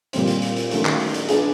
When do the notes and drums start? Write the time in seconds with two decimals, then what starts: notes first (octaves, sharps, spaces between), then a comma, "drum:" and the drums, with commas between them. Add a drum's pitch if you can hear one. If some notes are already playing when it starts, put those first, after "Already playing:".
0.13 A#2 G3 C4, drum: hi-hat
0.27 drum: hi-hat
0.42 drum: hi-hat
0.56 drum: hi-hat
0.71 D#3 F#3 A3 C#4, drum: hi-hat
0.85 drum: clap
1.00 drum: open hi-hat
1.14 drum: hi-hat
1.29 B3 D4 F4 G#4, drum: hi-hat